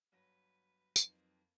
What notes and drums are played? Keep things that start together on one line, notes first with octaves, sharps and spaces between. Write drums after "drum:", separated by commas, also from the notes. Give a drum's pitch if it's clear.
G1 F#3 B4 A#6
F2 F#3 A#3 C4 D#4 B4, drum: tambourine